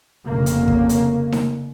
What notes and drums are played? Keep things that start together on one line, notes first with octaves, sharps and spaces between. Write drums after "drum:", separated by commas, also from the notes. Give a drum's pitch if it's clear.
F1 C#3 A#3
drum: hi-hat
drum: kick
drum: hi-hat
drum: snare D#4